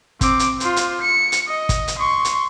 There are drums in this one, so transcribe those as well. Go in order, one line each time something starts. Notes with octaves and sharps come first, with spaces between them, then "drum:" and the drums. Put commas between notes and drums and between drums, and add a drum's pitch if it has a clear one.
C4 D6, drum: kick, hi-hat
drum: hi-hat
F4 C5, drum: hi-hat
drum: hi-hat
C#7
drum: hi-hat
D#5
drum: kick, hi-hat
drum: hi-hat
C6 C#6
drum: hi-hat